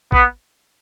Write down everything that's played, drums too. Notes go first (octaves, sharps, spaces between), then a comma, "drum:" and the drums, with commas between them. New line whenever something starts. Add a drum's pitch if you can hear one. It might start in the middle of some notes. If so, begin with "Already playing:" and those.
B3, drum: kick